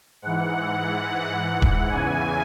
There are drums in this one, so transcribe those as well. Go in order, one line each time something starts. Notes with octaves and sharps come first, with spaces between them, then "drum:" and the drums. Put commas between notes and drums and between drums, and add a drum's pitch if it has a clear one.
G#2 E3 F#5
drum: kick D#1
E2 C#3 E3 G#5